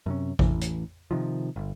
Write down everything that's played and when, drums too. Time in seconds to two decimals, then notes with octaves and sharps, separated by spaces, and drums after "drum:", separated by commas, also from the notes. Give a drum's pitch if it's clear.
0.06 F#2 C3 C#4
0.39 A1 E3, drum: kick A1
0.61 drum: hi-hat
1.11 C3 D#3 F3
1.56 G1